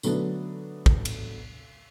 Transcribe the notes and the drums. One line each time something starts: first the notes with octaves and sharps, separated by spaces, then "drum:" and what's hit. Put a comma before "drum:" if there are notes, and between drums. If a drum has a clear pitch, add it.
D3 F#3 A3 B3 D4, drum: tambourine
drum: kick
drum: cymbal